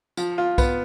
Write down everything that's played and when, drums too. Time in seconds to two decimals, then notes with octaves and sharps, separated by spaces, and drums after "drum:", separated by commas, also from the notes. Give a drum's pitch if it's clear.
0.17 F3, drum: tambourine
0.38 F4
0.58 B3, drum: kick B1, tambourine